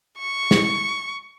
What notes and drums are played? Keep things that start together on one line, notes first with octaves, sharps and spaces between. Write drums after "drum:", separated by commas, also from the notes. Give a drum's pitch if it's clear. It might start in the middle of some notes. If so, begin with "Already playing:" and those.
C#6
drum: snare